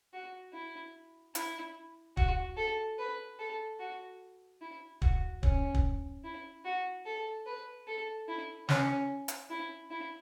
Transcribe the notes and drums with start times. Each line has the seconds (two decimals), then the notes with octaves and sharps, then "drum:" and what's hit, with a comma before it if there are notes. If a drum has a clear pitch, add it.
0.13 F#4
0.53 E4
1.35 E4, drum: hi-hat
2.17 F#4, drum: kick
2.57 A4
2.99 B4
3.39 A4
3.79 F#4
4.61 E4
5.02 F#4, drum: kick
5.43 C#4, drum: kick
5.74 drum: kick
6.24 E4
6.65 F#4
7.06 A4
7.46 B4
7.87 A4
8.28 E4
8.69 C#4, drum: snare
9.28 drum: hi-hat
9.50 E4
9.91 E4